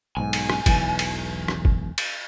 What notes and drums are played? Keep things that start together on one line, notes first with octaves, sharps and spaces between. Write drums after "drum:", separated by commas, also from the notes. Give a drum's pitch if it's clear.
B1 G#2 G#5
drum: cymbal
drum: rim click
E1 B1 E3, drum: kick, cymbal
drum: cymbal
drum: rim click
drum: kick
drum: cymbal